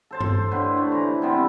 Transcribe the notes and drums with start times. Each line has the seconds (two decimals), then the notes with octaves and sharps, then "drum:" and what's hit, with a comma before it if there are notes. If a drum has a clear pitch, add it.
0.11 A4 C5 A5
0.21 drum: tom G2
0.51 A2 D3 B4 C5
0.77 A3
0.92 E3 A#5
1.22 C3 G3 B3 C4